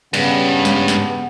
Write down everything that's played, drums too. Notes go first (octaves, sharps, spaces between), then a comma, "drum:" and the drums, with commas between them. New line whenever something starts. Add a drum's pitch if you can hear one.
G2 C#3 B3, drum: cymbal
drum: snare
drum: snare